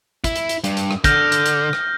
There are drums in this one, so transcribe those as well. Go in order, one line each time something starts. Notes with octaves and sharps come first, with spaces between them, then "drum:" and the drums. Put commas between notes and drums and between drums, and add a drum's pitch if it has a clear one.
E4, drum: kick, hi-hat
drum: hi-hat
drum: hi-hat
G2, drum: hi-hat
drum: hi-hat
drum: rim click
D3 F6 G6 A#6, drum: kick, hi-hat
drum: hi-hat
drum: hi-hat
drum: rim click